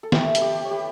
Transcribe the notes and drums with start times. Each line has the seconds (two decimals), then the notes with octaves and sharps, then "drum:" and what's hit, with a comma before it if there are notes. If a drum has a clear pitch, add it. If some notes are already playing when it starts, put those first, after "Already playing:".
0.03 A4
0.12 A3 E4 G4, drum: snare
0.35 A4, drum: hi-hat
0.42 G4
0.65 C#5
0.71 G4 B4